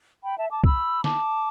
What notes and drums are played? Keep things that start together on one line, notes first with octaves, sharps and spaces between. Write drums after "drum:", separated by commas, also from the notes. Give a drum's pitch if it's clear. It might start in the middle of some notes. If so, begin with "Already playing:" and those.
G5 B5
E5 A5
A5 D6
B5 E6, drum: kick C2
A5 D6, drum: snare